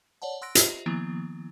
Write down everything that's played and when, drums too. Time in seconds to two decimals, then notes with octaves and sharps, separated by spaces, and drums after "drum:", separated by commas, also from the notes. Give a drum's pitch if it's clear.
0.22 C#5 D5 F#5 A5
0.41 F#5 C6 E6 F#6 A#6 D7
0.55 F4 G4 C5 D#5 E5, drum: hi-hat
0.86 D#3 F3 A#3 B3 E4